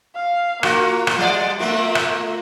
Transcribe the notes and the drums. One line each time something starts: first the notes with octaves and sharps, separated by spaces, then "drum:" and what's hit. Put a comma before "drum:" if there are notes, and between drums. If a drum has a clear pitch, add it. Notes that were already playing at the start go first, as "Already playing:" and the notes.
F5
A#3 F4 F#4, drum: rim click
drum: rim click
G3 D5 F#5
A3 A#3 F4 E5
drum: rim click